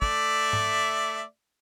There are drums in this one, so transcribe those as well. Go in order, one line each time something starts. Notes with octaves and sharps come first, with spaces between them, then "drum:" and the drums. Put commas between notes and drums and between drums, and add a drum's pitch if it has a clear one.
A3 D5 E5, drum: kick
drum: tom G#2